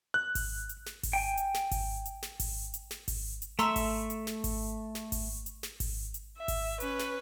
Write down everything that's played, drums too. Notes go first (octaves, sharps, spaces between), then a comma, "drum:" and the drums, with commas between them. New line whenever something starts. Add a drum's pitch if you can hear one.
F#6
drum: kick G#1, open hi-hat
drum: hi-hat
drum: snare
drum: kick G#1, open hi-hat
G5 G#5
drum: hi-hat
drum: snare
drum: kick G#1, open hi-hat
drum: hi-hat
drum: snare
drum: kick G#1, open hi-hat
drum: hi-hat
drum: snare
drum: kick G#1, open hi-hat
drum: hi-hat
A3 E5 A#5 C6 E6, drum: snare
drum: kick G#1, open hi-hat
drum: hi-hat
drum: snare
drum: kick G#1, open hi-hat
drum: snare
drum: kick G#1, open hi-hat
drum: hi-hat
drum: snare
drum: kick G#1, open hi-hat
drum: hi-hat
E5
drum: kick G#1, open hi-hat
C#4 B4, drum: hi-hat
drum: snare